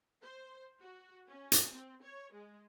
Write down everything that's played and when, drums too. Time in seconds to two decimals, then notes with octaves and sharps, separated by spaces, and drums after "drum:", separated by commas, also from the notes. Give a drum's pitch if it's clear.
0.23 C5
0.79 F#4
1.28 C#4
1.52 drum: hi-hat
1.71 C4
2.03 C#5
2.33 G#3